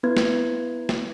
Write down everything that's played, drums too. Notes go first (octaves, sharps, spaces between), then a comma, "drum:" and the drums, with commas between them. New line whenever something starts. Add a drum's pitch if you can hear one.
B3 E4 B4 G#6
drum: snare
drum: snare